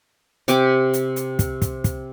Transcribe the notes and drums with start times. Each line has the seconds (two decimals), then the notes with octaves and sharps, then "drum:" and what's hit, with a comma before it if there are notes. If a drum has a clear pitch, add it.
0.48 C3 G4 G#5 D6, drum: hi-hat
0.93 drum: hi-hat
1.16 drum: hi-hat
1.39 drum: kick, hi-hat
1.62 drum: kick, hi-hat
1.84 drum: kick, hi-hat